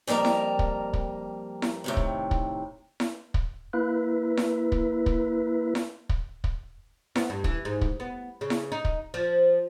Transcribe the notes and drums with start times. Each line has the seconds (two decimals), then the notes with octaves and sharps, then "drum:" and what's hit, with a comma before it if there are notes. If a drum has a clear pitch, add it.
0.07 F2 G3 A#3 A#4 A#5
0.25 drum: snare E4
0.59 drum: kick
0.93 drum: kick
1.62 drum: snare E4
1.84 A2 C3 D#3
1.97 drum: kick
2.31 drum: kick
3.00 drum: snare E4
3.34 drum: kick
3.73 A#3 E4 B4
4.37 drum: snare E4
4.72 drum: kick
5.06 drum: kick
5.75 drum: snare E4
6.09 drum: kick
6.44 drum: kick
7.16 B3, drum: snare E4
7.30 G2
7.44 E3, drum: kick
7.65 G#2
7.81 drum: kick
8.00 B3
8.41 C#3
8.50 drum: snare E4
8.72 D#4
8.85 drum: kick
9.14 F3